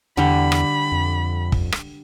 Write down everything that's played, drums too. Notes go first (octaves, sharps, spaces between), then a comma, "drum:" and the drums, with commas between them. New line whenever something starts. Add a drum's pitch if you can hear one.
E2 D3 G3 B5
drum: rim click
F2
drum: kick
drum: rim click